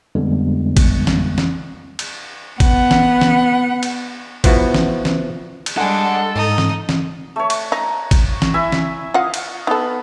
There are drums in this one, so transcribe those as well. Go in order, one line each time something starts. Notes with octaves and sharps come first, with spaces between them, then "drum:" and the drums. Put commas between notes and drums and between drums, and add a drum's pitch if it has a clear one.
F2 D3 G3 G#3 B3
drum: kick, cymbal
drum: snare
drum: snare
drum: cymbal
B3 F#5, drum: kick, cymbal
drum: snare
drum: snare
drum: cymbal
F3 B3 E4 F#4, drum: kick, cymbal
drum: snare
drum: snare
drum: cymbal
G3 G#3 D4 A4 F#5 G#5
G#2 D#4
drum: snare
drum: snare
A3 C#5
drum: cymbal
D#4 A#5
drum: kick, cymbal
drum: snare
E4 E5 G#5
drum: snare
F4 D#5 F5 F#5 D#6
drum: cymbal
B3 D#4 A4